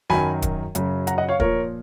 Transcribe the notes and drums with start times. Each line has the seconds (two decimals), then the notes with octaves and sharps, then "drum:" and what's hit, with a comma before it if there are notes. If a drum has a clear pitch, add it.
0.10 F#2 D#3 F#3 G#5 B5, drum: snare
0.42 drum: kick, hi-hat
0.75 F#2 C#3 F#3, drum: hi-hat
1.07 F#5 A#5, drum: hi-hat
1.18 D#5 F#5
1.29 C#5 F5
1.40 A#2 F3 A#4 C#5, drum: kick